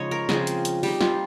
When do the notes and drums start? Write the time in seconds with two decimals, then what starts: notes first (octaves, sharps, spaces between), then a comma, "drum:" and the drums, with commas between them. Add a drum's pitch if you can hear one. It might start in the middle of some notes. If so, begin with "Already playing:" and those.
Already playing: C#3 F3 G#3 D#4 C#5 D#5
0.11 A#4
0.29 C#3 F3 C4 G#4, drum: snare
0.47 drum: hi-hat
0.65 drum: hi-hat
0.83 G3 C4 D#4 G4, drum: open hi-hat
1.01 F4, drum: snare